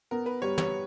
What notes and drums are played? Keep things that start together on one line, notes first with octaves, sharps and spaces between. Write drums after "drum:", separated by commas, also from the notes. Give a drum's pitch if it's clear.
B3 A#4
B4
G3 C#5
C#5, drum: tom